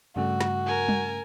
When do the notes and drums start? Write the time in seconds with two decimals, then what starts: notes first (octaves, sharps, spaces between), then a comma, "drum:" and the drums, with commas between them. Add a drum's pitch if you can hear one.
0.16 G2 C#3 A3 F#4
0.41 drum: snare
0.66 A#4 G#5
0.89 drum: tom G3